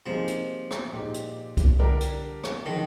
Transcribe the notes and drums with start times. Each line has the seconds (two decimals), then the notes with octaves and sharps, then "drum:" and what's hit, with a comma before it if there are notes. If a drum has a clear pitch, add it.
0.06 C3 F3 G3 A#3 D#4 G#4
0.27 drum: hi-hat
0.71 drum: rim click
0.93 A#2 G#3 D#4 G4
1.14 drum: hi-hat
1.57 drum: kick C2, hi-hat
1.79 D3 G3 D4 G4 A#4
2.00 drum: hi-hat
2.44 drum: rim click
2.65 D3 D#3 F3 G#3